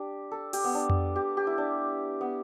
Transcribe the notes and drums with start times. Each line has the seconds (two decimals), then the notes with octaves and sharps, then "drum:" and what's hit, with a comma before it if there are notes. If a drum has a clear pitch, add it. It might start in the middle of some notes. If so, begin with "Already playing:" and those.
Already playing: D4 G4
0.31 A4
0.53 G4, drum: open hi-hat
0.64 B3
0.75 D4
0.90 drum: tom F2
1.16 G4
1.37 G4
1.47 E4
1.58 D4
2.21 B3